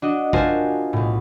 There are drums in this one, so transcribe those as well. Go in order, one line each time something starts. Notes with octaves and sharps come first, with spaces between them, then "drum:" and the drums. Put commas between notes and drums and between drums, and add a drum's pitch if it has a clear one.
D4 F#4 D#5
F4 F#4 A#4 C5 G#5 A5, drum: kick
B1 A2